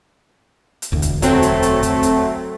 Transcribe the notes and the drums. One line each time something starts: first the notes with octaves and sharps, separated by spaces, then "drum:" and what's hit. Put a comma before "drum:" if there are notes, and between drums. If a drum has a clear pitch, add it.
drum: hi-hat
E1 D2
drum: kick, hi-hat
F#3 A3 C4, drum: kick, hi-hat
drum: hi-hat
drum: hi-hat
drum: kick, hi-hat
drum: hi-hat